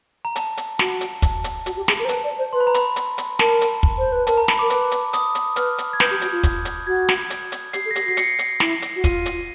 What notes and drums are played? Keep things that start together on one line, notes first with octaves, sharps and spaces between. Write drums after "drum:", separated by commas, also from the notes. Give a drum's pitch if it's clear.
A#5
A5, drum: hi-hat
drum: hi-hat
F#4, drum: snare
drum: hi-hat
A5, drum: kick, hi-hat
drum: hi-hat
F#4, drum: hi-hat
G4
G#4, drum: snare
A#4
C5 A#5
B4 A5, drum: hi-hat
D5
C5
B4 C6
B5
A#5
B5, drum: hi-hat
drum: hi-hat
drum: hi-hat
A#4 A5, drum: snare
drum: hi-hat
drum: kick
C5
B4
A#4 A5, drum: hi-hat
A#5
B5, drum: snare
A#4 D6
B4, drum: hi-hat
drum: hi-hat
D#6, drum: hi-hat
drum: hi-hat
B4 F6, drum: hi-hat
drum: hi-hat
G#6
B4 G6, drum: snare
G4
F#4, drum: hi-hat
F4
drum: kick, hi-hat
drum: hi-hat
F#4 G#6
drum: snare
drum: hi-hat
drum: hi-hat
G4 C7, drum: hi-hat
A4
A#6
G4, drum: hi-hat
B6
F#4 C7
C#7, drum: hi-hat
drum: hi-hat
E4, drum: snare
drum: hi-hat
F#4
F4 D#7, drum: kick, hi-hat
drum: hi-hat